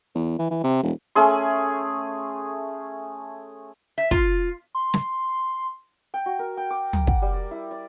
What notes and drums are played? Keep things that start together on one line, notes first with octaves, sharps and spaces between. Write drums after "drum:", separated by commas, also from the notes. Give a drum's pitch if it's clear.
E2
E3
E3
C3
E1
A3 C#4 G#4 C6
E5
F4, drum: kick
C6
drum: snare
G5
F#4
A#4
G5
D6
A#5, drum: tom
F#5, drum: kick
G3
D5
E4
D5